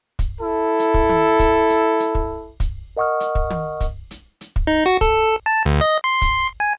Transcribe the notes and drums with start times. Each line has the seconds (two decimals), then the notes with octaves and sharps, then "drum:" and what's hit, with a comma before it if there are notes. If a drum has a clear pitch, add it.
0.19 drum: kick, hi-hat
0.41 E4 A4
0.79 drum: hi-hat
0.94 drum: kick
1.09 drum: tom
1.39 drum: kick, hi-hat
1.70 drum: hi-hat
2.00 drum: hi-hat
2.15 drum: kick
2.60 drum: kick, hi-hat
2.97 A#4 D#5 F#5 C#6 D#6 F6
3.20 drum: hi-hat
3.35 drum: kick
3.50 drum: tom
3.81 drum: kick, hi-hat
4.11 drum: hi-hat
4.41 drum: hi-hat
4.56 drum: kick
4.67 D#4
4.86 F#4
5.01 A4, drum: kick, hi-hat
5.46 A5
5.66 D2
5.81 D#5
6.04 C6
6.22 drum: kick, hi-hat
6.60 G#5